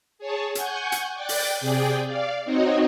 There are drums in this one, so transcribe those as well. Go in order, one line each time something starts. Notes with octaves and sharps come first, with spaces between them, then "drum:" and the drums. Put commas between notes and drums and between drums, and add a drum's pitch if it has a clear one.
G#4 C#5 A5
F#5 G#5 C#6 G6, drum: hi-hat
drum: hi-hat
D5 G5 F#6 A6
drum: open hi-hat
C3 G#4 D5 G5
D5 F5
C4 D#4 F#4 C#5 D#5